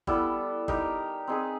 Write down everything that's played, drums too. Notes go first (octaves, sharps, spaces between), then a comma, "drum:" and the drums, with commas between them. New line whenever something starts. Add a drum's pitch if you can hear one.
G3 B3 E4 A4, drum: kick G1
D#4 G4 A#4, drum: kick G1
C4 D#4 G#4 B4